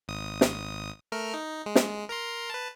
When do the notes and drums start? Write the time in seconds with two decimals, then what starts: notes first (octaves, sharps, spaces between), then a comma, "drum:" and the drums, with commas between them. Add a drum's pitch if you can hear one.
0.08 G#1 D#6
0.41 drum: snare
1.12 A3 A#4 F6
1.34 D#4
1.66 G#3
1.75 drum: snare
2.09 A#4 A#5 C6
2.50 B4 A5